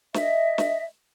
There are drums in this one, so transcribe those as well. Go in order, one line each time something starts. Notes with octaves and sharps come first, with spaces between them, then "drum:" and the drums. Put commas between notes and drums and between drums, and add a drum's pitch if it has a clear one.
D#5 E5, drum: snare
drum: snare